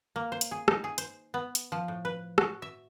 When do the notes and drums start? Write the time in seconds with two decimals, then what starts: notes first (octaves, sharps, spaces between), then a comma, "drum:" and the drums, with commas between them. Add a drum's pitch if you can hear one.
0.16 A#3
0.32 C5
0.41 drum: hi-hat
0.51 G#4
0.68 D#4, drum: rim click
0.84 G#4
0.98 C5, drum: hi-hat
1.34 B3
1.55 drum: hi-hat
1.72 F3
1.88 A2
2.05 B4
2.38 F#4, drum: rim click
2.62 E5